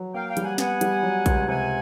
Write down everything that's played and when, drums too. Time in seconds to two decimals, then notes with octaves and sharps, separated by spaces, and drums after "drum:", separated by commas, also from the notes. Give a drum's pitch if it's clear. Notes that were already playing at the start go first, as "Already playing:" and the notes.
Already playing: F#3
0.14 A#3 F5 G5
0.29 F5 G5
0.37 G3, drum: hi-hat
0.44 F#5 G#5
0.58 B3 F#5 G#5, drum: snare
0.81 G3, drum: hi-hat
1.03 F#3
1.26 C#2, drum: kick A#1, hi-hat
1.48 C3 F#5 G#5